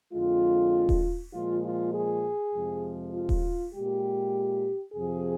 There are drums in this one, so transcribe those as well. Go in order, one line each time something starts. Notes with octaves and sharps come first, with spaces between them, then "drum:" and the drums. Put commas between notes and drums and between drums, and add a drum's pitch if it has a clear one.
F2 D3 G#3 F4
drum: kick D#1
A#2 F3 G#3 F4
F4
G#4
F2 C3 F3 G#3
F4
drum: kick D#1
A#2 G#3 G4
F2 C3 F3 G#4